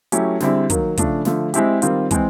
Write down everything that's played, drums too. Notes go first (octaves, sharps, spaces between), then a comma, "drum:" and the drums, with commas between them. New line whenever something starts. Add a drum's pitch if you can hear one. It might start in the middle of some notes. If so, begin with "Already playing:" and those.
F#3 A3 C#4 E4 G4, drum: hi-hat
D3 G3 C4 E4 G#4, drum: snare
D#3 F#3 A#3, drum: kick, hi-hat
C#3 F3 A3 D4, drum: kick, hi-hat
D3 F3 A3, drum: snare
G#3 C4 E4 G4, drum: hi-hat
D#3 G3 C4 F4, drum: hi-hat
E3 G#3 C4, drum: kick, hi-hat